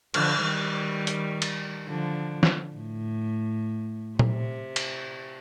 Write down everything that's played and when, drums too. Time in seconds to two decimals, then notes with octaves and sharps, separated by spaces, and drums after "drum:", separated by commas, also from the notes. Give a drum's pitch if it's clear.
0.14 D3 F3, drum: cymbal
0.43 D#3 G3
1.07 drum: hi-hat
1.42 drum: cymbal
1.88 D3 F3
2.43 drum: snare
2.75 A2
4.19 C3, drum: tom A#2
4.76 drum: cymbal